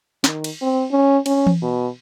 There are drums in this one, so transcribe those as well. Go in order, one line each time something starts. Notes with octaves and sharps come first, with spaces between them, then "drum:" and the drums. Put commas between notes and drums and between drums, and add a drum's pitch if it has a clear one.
D#3, drum: snare
drum: cymbal
C4
C#4
C#4, drum: cymbal
drum: tom E3
B2